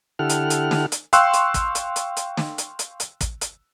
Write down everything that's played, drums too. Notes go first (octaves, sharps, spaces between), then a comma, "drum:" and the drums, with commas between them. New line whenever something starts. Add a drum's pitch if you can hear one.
D3 E4 G4 A4 F#5 F6
drum: hi-hat
drum: hi-hat
drum: snare
drum: hi-hat
F5 G5 C6 C#6 E6 F#6, drum: hi-hat
drum: hi-hat
drum: kick, hi-hat
drum: hi-hat
drum: hi-hat
drum: hi-hat
drum: snare
drum: hi-hat
drum: hi-hat
drum: hi-hat
drum: kick, hi-hat
drum: hi-hat